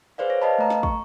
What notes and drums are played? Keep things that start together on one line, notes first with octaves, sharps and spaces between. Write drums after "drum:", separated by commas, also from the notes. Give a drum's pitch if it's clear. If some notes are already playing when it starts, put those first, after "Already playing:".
G#4 B4 C5 D5 F5
C#5 A#6
B4 D#5 F5 A5 B5
A3 A#5
drum: snare
C#6, drum: kick